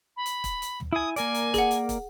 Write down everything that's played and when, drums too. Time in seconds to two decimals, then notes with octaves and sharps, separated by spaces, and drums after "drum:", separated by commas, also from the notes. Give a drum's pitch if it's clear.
0.16 B5
0.26 drum: hi-hat
0.44 drum: kick, hi-hat
0.62 drum: hi-hat
0.80 drum: tom
0.93 E4 G#5 D#6
1.16 A#3 A#4 D5 G#5, drum: hi-hat
1.34 drum: hi-hat
1.54 G#4 F#5, drum: kick, hi-hat
1.71 drum: hi-hat
1.89 drum: kick, hi-hat